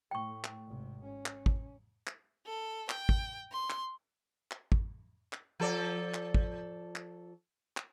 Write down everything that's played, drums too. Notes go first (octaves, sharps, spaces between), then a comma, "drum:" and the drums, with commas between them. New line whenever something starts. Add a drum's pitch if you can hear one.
A2 A3 G5 C#6
drum: clap
G#1 C3
C#4
drum: clap
drum: kick
drum: clap
A4
G5, drum: clap
drum: kick
C6
drum: clap
drum: clap
drum: kick
drum: clap
F3 A4 D5
drum: clap
drum: kick
drum: clap
drum: clap